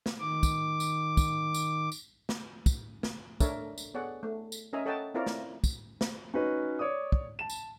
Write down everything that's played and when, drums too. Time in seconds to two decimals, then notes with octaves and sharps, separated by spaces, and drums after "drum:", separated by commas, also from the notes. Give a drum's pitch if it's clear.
0.06 drum: snare
0.19 D#3 D6
0.43 drum: kick, tambourine
0.80 drum: tambourine
1.17 drum: kick, tambourine
1.55 drum: tambourine
1.92 drum: tambourine
2.29 drum: snare
2.66 drum: kick, tambourine
3.03 drum: snare
3.40 A3 D4 A4 A#4 C#5 E5, drum: kick, tambourine
3.78 drum: tambourine
3.94 B3 G#4 A4 C#5 D5 F#5
4.23 A3
4.52 drum: tambourine
4.73 C#4 A#4 D#5 E5 G#5 A#5
4.86 A4 C#5 D#5 F#5 G5 A5
5.14 C4 E4 F4 A#4 C#5 D5
5.26 drum: snare
5.64 drum: kick, tambourine
6.01 drum: snare
6.34 C#4 D#4 F#4 B4
6.79 C#5 D5 D6 D#6
7.12 drum: kick
7.39 A5 E7
7.50 drum: tambourine